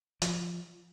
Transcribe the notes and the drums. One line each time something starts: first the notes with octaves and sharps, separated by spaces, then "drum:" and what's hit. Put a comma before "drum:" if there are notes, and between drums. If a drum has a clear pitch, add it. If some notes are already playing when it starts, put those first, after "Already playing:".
F3, drum: hi-hat